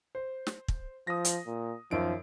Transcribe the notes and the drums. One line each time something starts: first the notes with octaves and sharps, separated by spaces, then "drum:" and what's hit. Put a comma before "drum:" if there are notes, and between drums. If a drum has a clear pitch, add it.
C5
drum: snare
drum: kick
F3 D#6 A#6
drum: hi-hat
A#2
F#2 D#3 F3 D7